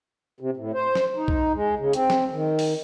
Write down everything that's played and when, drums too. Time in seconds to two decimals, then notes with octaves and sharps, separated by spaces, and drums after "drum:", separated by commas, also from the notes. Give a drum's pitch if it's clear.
0.40 C3
0.57 A2
0.74 C5
0.95 drum: snare
1.16 D#4
1.28 drum: kick B1
1.54 G#3
1.79 C#3
1.93 C4, drum: hi-hat
2.10 drum: snare
2.32 D#3
2.59 drum: open hi-hat